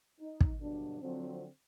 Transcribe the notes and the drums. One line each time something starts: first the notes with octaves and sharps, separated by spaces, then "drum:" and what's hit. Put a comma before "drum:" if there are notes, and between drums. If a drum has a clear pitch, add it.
D#4
drum: kick
G2 B2 D3 F#3 D4
D3 F3 F#3 C4